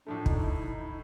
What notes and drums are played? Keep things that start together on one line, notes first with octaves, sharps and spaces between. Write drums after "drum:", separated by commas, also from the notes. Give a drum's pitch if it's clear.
A2 F3 A3 D4
D#4, drum: kick
E4
D#4
E4